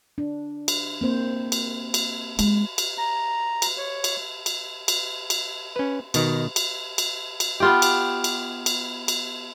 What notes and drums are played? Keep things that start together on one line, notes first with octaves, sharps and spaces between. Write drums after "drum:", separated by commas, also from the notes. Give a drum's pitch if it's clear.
D4
drum: cymbal
A#3 C4 C5
drum: cymbal
drum: cymbal
G#3, drum: cymbal
drum: cymbal
A#5
drum: cymbal
C#5
drum: cymbal
drum: cymbal
drum: cymbal
drum: cymbal
C#4 B4
B2 D#3, drum: cymbal
drum: cymbal
drum: cymbal
drum: cymbal
B3 F4 G4
drum: cymbal
drum: cymbal
drum: cymbal
drum: cymbal